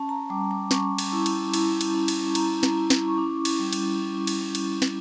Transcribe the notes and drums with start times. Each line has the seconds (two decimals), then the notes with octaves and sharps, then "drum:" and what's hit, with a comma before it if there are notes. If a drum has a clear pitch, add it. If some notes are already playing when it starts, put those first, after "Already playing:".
Already playing: C#4 A5
0.09 A#5
0.30 G3 D6
0.51 D6
0.71 C#4 C#6, drum: snare
0.98 drum: cymbal
1.12 E4
1.26 drum: cymbal
1.54 E4, drum: cymbal
1.81 drum: cymbal
1.95 C#4
2.08 drum: cymbal
2.35 E4 A#5, drum: cymbal
2.63 drum: snare
2.77 E4
2.90 drum: snare
3.08 C#6
3.17 C#4 D6
3.45 drum: cymbal
3.59 G3
3.73 drum: cymbal
3.99 C#4
4.27 drum: cymbal
4.41 C#4
4.55 drum: cymbal
4.82 C#4, drum: snare